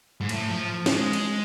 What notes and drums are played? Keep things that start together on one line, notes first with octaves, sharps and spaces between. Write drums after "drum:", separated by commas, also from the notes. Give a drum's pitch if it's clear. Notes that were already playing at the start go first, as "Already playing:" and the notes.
G#2
A2, drum: cymbal
F3
F3, drum: snare
G#3
drum: cymbal